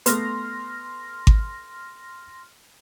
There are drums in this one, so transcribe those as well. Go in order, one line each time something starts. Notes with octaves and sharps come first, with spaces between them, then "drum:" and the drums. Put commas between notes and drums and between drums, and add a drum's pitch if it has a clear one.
A3 B3 C6 F6 A#6, drum: hi-hat
drum: kick G#1